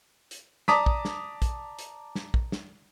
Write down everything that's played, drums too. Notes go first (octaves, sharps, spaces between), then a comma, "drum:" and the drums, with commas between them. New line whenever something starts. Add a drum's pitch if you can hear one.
drum: hi-hat
D5 A5 A#5 D6 D#6 B6, drum: snare
drum: kick
drum: snare
drum: kick, hi-hat
drum: hi-hat
drum: snare
drum: kick
drum: snare